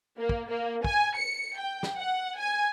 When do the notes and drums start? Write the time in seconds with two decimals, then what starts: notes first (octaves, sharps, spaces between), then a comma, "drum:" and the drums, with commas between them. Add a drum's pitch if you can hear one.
0.18 A#3
0.29 drum: kick
0.49 A#3
0.84 G#5, drum: kick
1.16 C#7
1.57 G5
1.83 drum: snare
1.97 F#5
2.38 G#5